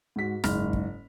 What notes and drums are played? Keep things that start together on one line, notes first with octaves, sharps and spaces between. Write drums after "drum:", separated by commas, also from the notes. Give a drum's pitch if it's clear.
G#2 F#4 B6
F#1 G#2 F6, drum: rim click
drum: kick